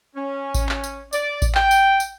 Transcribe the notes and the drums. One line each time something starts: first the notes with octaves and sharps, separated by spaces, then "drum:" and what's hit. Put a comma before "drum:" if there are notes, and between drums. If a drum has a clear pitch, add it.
C#4
drum: kick A1, tambourine
drum: clap
drum: tambourine
D5, drum: tambourine
drum: kick A1, tambourine
G5, drum: clap
drum: tambourine
drum: tambourine